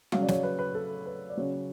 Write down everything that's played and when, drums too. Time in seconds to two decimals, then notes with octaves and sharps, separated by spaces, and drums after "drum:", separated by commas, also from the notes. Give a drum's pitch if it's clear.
0.12 C#3 F#3 F5, drum: tom G3
0.22 D5
0.28 C#5, drum: snare
0.43 B4
0.59 B4
0.75 A4
1.06 B4
1.30 D5
1.37 C#3 F#3 C#5